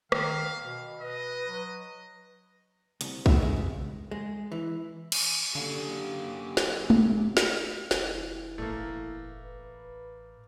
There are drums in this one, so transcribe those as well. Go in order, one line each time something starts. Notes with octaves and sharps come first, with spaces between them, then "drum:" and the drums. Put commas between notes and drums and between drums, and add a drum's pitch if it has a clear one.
D#3 F5, drum: rim click
B2
B4 D#5
F#3
C2, drum: hi-hat
E5, drum: kick
G#3
C#2
G#3
E3
drum: cymbal
D3 F#3 A#3 C#4 G4 F5
drum: snare
drum: tom
drum: snare
F1 E3, drum: snare
A1 A3 A#3
B4